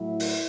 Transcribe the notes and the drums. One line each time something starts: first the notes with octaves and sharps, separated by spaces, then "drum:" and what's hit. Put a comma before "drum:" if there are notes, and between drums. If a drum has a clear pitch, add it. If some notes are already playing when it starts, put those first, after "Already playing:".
Already playing: A2 F#3 E4
drum: open hi-hat